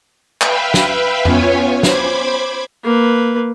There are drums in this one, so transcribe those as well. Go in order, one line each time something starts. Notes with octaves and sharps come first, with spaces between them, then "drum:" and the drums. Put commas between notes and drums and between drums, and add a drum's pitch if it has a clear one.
B4 E5 F5 G5 B5, drum: clap
drum: snare
B3 C#4 F4 C#5 G#5, drum: tom F2
C5 B5 D6 G#6, drum: snare
A#3 B4